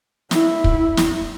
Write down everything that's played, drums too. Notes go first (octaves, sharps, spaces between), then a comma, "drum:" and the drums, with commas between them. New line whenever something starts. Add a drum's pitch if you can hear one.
E4, drum: snare
drum: kick
drum: snare